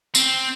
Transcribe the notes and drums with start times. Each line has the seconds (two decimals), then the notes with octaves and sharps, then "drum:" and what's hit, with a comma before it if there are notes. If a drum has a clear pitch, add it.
0.15 C4, drum: tambourine